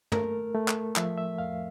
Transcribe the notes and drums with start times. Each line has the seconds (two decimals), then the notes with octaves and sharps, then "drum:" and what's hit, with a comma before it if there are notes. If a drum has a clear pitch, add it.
0.12 A3 A#4, drum: tom
0.54 A3
0.68 drum: clap
0.96 F3 E5, drum: clap
1.18 E5
1.38 F2 F5